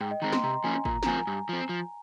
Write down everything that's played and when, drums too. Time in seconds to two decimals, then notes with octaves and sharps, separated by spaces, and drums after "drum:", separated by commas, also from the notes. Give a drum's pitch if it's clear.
0.01 G#2 G5
0.11 D#5
0.22 D#3 G#3 C4 A#5
0.33 C6, drum: snare
0.43 C3 A#5
0.64 F3 A#3 C#4 G#5
0.85 A#2 A#5, drum: kick
1.03 A#5, drum: snare
1.06 F3 C4 F4 A#4 G#5
1.27 G2
1.49 F3 C4
1.69 F3